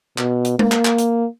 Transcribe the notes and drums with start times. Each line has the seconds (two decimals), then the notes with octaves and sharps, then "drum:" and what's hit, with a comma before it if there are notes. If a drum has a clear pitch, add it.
0.18 B2, drum: clap
0.45 drum: hi-hat
0.59 A#3, drum: tom G#3
0.72 drum: clap
0.85 drum: clap
0.98 drum: hi-hat